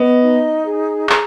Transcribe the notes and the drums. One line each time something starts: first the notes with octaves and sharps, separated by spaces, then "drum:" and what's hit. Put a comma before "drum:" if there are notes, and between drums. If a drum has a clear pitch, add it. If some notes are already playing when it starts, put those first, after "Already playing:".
Already playing: B3 D#5
D#4
G#4
A#5, drum: clap